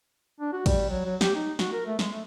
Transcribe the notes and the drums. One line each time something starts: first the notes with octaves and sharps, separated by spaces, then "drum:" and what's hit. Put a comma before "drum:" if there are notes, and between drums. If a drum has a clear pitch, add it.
D4
F#4
G3, drum: kick, cymbal
F#3
F#3
G4, drum: snare
D#4
F#4, drum: snare
A#4
A3
G#3, drum: snare
A3